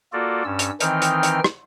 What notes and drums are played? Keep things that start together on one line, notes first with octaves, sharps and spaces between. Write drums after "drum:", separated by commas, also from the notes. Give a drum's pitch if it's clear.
A#3 F4 F#4 A4 D5
G2 C#4 E6
drum: hi-hat
D#3 E3 C4 D#4 G5 F6, drum: hi-hat
drum: hi-hat
drum: hi-hat
drum: rim click